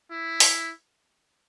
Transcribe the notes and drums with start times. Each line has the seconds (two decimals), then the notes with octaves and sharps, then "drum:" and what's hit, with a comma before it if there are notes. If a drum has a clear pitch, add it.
0.11 E4
0.40 drum: open hi-hat